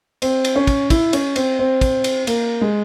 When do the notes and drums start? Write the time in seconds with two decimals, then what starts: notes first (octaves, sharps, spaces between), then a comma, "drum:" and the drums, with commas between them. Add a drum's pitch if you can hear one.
0.22 C4, drum: cymbal
0.45 drum: cymbal
0.56 C#4
0.67 drum: kick, cymbal
0.90 E4, drum: kick, cymbal
1.13 C#4, drum: cymbal
1.36 C4, drum: cymbal
1.59 C4
1.81 drum: kick, cymbal
2.04 drum: cymbal
2.27 A#3, drum: cymbal
2.61 G#3